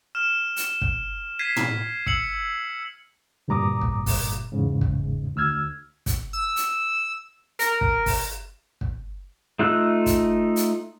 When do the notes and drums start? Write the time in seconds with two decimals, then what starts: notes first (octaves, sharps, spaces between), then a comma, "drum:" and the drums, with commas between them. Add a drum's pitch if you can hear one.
0.15 F6 E7
0.56 drum: hi-hat
0.81 drum: kick
1.39 G#6 B6 C7 D#7
1.56 drum: tom
2.06 E6 C#7 F#7, drum: kick
3.48 D2 G2 A#2 A#5 D6 D#6
3.81 drum: kick
4.06 drum: kick, open hi-hat
4.52 E2 G#2 C#3
4.81 drum: kick
5.36 D2 E6 F6 G#6
6.06 drum: kick, hi-hat
6.33 E6
6.56 drum: hi-hat
7.59 A#4, drum: hi-hat
7.81 drum: kick
8.06 drum: kick, open hi-hat
8.81 drum: kick
9.59 A3 D#4 F4 E6 F#6
10.06 drum: kick, hi-hat
10.56 drum: hi-hat